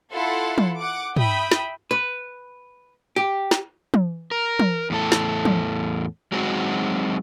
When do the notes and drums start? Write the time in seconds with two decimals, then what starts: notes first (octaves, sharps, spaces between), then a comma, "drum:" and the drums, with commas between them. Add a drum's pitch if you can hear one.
0.12 E4 F4 A4 F#5 C6
0.58 drum: tom
0.77 F#5 D6
1.16 E5 G5 B5 D#6, drum: tom
1.52 drum: snare
1.91 B4
3.16 G4
3.51 drum: snare
3.94 drum: tom
4.31 A#4
4.59 drum: tom
4.90 E2 A2 A4
5.12 drum: snare
5.45 drum: tom
6.32 F#3 G#3 C4 D#4 F#4